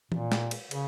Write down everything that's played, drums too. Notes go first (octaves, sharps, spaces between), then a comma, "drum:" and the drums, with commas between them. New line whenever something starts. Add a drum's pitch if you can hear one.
A#2, drum: tom E3
drum: snare
drum: cymbal
C#3, drum: cymbal